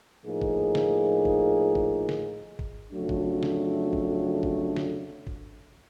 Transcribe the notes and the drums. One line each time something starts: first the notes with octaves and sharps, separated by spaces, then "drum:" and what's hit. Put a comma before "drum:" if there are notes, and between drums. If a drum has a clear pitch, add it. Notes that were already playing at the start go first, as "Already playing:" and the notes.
A2 F3 A#3 D#4 G#4
drum: kick
drum: snare
drum: kick
drum: kick
drum: snare
drum: kick
F2 C#3 F#3 A3 D4
drum: kick
drum: snare
drum: kick
drum: kick
drum: snare
drum: kick